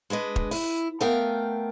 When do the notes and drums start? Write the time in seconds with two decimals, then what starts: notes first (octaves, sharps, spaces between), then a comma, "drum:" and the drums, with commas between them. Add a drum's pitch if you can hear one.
0.10 G#3 D4 B4 D#5
0.36 drum: kick E1
0.51 E4, drum: open hi-hat
1.01 A3 B3 A#4 F5 G5